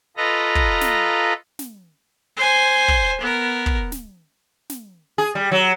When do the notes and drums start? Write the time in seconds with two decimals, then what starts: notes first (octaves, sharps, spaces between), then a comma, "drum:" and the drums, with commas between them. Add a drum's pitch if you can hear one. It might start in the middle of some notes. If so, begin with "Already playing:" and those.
0.17 F4 A4 B4 D#5 A#5
0.55 drum: kick
0.81 drum: snare
1.59 drum: snare
2.37 C5 G#5
2.88 drum: kick
3.21 B3 A#4
3.66 drum: kick
3.92 drum: snare
4.70 drum: snare
5.18 G#4
5.35 G3
5.52 F#3